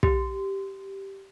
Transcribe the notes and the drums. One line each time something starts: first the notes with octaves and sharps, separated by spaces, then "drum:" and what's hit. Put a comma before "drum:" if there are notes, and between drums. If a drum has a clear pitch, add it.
G4, drum: kick